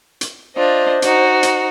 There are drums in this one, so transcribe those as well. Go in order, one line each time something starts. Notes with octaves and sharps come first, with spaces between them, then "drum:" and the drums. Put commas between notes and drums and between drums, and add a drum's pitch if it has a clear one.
drum: hi-hat
D4 F4 C5 D#5
D#4 F#4, drum: hi-hat
drum: hi-hat